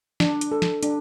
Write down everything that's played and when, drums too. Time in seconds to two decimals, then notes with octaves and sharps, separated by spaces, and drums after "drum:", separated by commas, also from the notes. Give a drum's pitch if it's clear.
0.20 D4, drum: snare
0.41 drum: hi-hat
0.52 A4
0.62 drum: snare
0.83 D4, drum: hi-hat